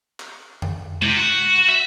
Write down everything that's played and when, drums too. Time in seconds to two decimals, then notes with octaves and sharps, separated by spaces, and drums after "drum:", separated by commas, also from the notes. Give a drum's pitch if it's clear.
0.20 drum: clap
0.62 drum: tom F2
1.02 C3, drum: tom G#3
1.16 F#4
1.69 E5